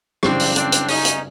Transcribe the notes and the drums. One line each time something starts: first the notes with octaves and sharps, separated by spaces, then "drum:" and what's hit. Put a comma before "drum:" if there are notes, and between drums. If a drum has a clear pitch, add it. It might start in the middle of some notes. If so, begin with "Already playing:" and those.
F#2 C#3 E3 G3 C4 D4, drum: rim click
drum: open hi-hat
C4 D4, drum: hi-hat
drum: hi-hat
C#4 D#4, drum: open hi-hat
drum: hi-hat